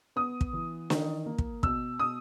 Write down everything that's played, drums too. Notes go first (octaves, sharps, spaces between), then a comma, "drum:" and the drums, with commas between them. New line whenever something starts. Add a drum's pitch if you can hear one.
B3 D#6
drum: kick
E3
D#3, drum: snare
A#3
drum: kick
B2 E6, drum: kick
B2 D#6